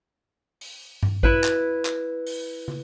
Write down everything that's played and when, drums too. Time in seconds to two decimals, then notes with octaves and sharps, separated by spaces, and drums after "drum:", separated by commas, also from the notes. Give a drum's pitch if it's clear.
0.61 drum: open hi-hat
1.03 drum: tom G2
1.23 E4 B4, drum: kick
1.44 drum: clap
1.85 drum: clap
2.27 drum: open hi-hat
2.68 drum: tom